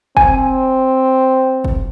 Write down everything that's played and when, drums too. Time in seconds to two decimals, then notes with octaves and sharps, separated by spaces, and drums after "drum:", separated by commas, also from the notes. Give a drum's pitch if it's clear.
0.17 C4 G#5, drum: kick
1.64 drum: kick